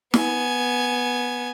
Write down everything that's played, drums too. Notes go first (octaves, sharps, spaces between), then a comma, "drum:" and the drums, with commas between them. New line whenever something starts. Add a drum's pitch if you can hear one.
B3 G#5, drum: snare